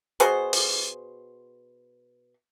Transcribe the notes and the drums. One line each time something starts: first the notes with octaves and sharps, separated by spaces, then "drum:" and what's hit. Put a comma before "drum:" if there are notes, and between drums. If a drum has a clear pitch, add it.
B2 F#4 G#4 C5, drum: hi-hat
drum: open hi-hat